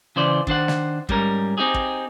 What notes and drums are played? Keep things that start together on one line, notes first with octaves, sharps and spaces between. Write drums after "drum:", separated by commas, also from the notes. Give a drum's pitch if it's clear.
C#3 E3 C5 D5
D#3 D4 C5 F#5, drum: kick
drum: snare
G#2 G3 C#4 A#4, drum: kick
C4 D#4 G4 G#4
drum: kick